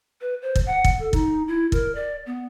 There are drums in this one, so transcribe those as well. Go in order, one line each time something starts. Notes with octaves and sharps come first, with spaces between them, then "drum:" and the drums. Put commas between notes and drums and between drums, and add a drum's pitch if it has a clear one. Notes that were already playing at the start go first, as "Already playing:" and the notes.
B4
C5
drum: kick
F#5
drum: kick
A4
D#4, drum: kick
E4
A#4, drum: kick
D5
B3